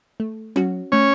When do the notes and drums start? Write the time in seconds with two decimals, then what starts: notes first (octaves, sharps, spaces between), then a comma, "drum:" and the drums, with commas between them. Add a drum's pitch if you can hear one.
0.20 A3
0.56 C#4 F#4, drum: tom F#3
0.92 A3 C#4 C#5